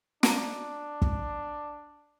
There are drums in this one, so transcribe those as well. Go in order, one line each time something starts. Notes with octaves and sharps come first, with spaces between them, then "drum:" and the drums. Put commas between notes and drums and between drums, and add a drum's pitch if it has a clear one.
D4 A5 A#5, drum: snare
drum: kick